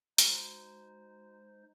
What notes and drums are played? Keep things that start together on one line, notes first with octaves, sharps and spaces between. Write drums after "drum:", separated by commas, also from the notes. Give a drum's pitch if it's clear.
G#3 D#4 F#4 C5 A#5, drum: hi-hat